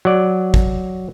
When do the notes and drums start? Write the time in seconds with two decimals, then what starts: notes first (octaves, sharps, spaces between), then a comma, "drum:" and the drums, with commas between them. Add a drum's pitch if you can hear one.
0.05 F#3 D5
0.54 drum: kick